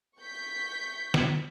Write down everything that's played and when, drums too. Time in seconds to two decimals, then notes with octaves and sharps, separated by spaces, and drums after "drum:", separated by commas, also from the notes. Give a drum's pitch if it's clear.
0.20 C#6 G6 B6
1.14 drum: snare